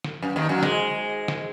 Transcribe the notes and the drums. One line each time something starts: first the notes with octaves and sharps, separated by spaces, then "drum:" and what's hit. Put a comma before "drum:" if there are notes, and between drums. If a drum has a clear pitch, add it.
drum: snare
F#2
D#2 D#3
F#2 F#3
G#2 G#3, drum: snare
drum: snare